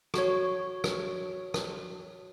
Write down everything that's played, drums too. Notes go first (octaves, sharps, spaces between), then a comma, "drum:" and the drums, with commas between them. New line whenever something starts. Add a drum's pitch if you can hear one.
F#4 C#5, drum: rim click
drum: rim click
drum: rim click